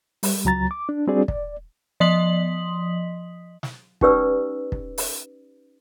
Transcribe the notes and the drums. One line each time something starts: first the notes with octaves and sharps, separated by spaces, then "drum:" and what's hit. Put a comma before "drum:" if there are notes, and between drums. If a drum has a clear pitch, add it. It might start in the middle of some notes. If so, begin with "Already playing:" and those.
G3, drum: open hi-hat
C#2 F#3 A#5 A6
D6
D4
G3 C4 D4 F#4 G#4 D5
D5, drum: kick
F3 D#5 C6 D#6 B6 F#7
drum: snare
C#4 D#4 G4 B4 D5 E6, drum: kick
drum: kick
drum: open hi-hat